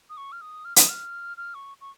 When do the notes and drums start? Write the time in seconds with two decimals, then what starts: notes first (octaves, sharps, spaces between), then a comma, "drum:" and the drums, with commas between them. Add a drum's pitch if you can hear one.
0.10 D#6
0.17 C#6
0.32 F6
0.41 D#6
0.65 F6
0.76 D#6, drum: hi-hat
0.89 F6
1.37 F6
1.55 C#6
1.81 C#6